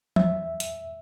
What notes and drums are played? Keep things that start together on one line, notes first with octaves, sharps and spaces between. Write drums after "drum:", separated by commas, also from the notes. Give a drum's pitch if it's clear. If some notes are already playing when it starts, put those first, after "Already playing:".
E2 E5, drum: tom E3
drum: hi-hat